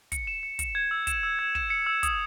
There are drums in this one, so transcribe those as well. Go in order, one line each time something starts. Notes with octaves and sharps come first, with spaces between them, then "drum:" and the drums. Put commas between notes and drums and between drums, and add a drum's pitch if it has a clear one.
C#7, drum: kick, hi-hat
E7
C#7
C#7, drum: kick, hi-hat
G#6
E6
E7, drum: kick, hi-hat
E6
G#6
E7, drum: kick
C#7
E6
D#6, drum: kick, hi-hat